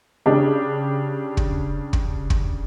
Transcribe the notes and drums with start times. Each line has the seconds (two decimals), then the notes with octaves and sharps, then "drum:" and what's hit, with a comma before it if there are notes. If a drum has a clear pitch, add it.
0.26 C#3 D4 G4
1.37 drum: kick
1.93 drum: kick
2.30 drum: kick